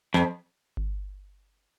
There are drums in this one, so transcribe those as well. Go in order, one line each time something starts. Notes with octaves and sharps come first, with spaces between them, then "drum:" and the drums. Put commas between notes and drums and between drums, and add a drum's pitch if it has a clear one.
F2, drum: snare
drum: kick G1